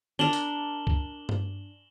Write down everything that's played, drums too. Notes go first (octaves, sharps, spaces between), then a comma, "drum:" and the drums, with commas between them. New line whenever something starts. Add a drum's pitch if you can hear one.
D4 A#4 E7 F#7 G7
drum: hi-hat
drum: kick
drum: tom G2